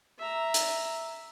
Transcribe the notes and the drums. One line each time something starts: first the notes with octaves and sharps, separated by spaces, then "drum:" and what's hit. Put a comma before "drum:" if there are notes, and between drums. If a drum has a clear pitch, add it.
E5 A#5
drum: hi-hat